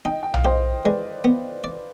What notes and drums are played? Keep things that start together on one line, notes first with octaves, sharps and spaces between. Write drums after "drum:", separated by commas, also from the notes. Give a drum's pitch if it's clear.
D#4 D#5 G5
G5
F5, drum: tom B1
G4 C5 D#5
G#3 B4 D5
B3
D5